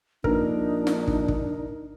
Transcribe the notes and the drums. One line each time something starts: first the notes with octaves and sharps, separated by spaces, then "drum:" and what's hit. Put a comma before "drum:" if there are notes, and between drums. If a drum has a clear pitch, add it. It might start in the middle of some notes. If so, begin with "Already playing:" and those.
A#1 D4 D#4 A#4, drum: kick
drum: snare
drum: kick
drum: kick